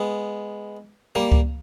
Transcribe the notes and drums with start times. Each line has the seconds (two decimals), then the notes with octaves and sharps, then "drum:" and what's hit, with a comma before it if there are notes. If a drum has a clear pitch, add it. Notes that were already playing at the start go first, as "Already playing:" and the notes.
Already playing: G#3 B3
1.15 G3 A#3
1.32 drum: kick C#2